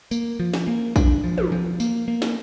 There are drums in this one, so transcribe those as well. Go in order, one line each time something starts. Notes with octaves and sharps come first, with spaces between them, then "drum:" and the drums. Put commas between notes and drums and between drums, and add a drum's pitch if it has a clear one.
A#3, drum: tambourine
F3
drum: snare
A#3
D4, drum: kick A#1, tambourine
F3
drum: tom
F3
A#3, drum: tambourine
A#3
drum: snare